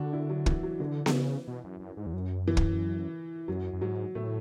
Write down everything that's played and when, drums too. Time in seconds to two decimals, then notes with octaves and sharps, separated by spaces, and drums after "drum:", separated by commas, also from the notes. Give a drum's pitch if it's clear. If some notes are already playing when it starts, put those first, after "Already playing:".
Already playing: D3 D4 F#4
0.13 E4
0.30 F#3
0.46 E3, drum: kick
0.63 F#3
0.80 D3 E3
1.06 D3, drum: snare B3
1.13 C#3
1.48 B2
1.64 F#2
1.80 F#2
1.97 G#2
2.07 E2
2.13 F#2
2.47 E3
2.57 drum: kick
3.48 F#2 F#3
3.73 F#2
3.81 G#2 F#3
4.15 A2 A3